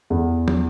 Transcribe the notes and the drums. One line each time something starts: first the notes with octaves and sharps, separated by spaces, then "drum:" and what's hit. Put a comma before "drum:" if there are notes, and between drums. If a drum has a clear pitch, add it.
E2
drum: tom